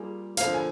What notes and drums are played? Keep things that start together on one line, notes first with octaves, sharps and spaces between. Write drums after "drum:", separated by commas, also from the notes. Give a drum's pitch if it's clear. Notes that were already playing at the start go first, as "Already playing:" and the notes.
Already playing: G3 A#3 F4 G#4
D3 F3 A#3 F5, drum: hi-hat
G#5